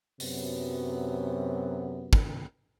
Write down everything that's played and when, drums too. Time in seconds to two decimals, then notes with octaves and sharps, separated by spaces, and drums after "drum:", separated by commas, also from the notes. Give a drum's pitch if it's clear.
0.20 F#2 C3 F#3 B3, drum: open hi-hat
2.13 drum: kick